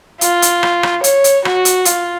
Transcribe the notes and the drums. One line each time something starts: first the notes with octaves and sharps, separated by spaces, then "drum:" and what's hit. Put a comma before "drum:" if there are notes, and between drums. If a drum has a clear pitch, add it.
F4, drum: hi-hat
drum: hi-hat
drum: rim click
drum: rim click
C#5, drum: hi-hat
drum: hi-hat
F#4, drum: rim click
drum: hi-hat
F4, drum: hi-hat